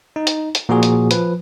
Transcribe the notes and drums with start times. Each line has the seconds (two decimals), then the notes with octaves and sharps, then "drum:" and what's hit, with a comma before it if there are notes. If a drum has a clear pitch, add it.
0.16 D#4
0.27 drum: hi-hat
0.55 drum: hi-hat
0.69 A#2 F3 F#4 G#4
0.83 drum: hi-hat
1.11 F3 B4, drum: hi-hat